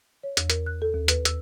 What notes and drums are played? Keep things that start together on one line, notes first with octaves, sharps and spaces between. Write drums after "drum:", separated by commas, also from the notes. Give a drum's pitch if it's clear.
C#5
E2, drum: hi-hat
A#4, drum: hi-hat
F#6
A4
D#2
B4, drum: hi-hat
E6, drum: hi-hat